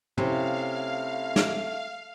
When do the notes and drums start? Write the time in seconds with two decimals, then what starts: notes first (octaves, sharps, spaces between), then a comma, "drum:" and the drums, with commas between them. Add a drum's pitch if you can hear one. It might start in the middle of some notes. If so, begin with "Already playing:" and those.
0.18 C3 A3 C#4 E4 C5 F5, drum: tom
1.36 drum: snare